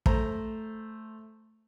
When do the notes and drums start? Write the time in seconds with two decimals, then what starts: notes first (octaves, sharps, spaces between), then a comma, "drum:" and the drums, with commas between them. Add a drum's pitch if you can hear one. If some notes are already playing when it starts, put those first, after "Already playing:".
0.06 A3 C5 A#5, drum: kick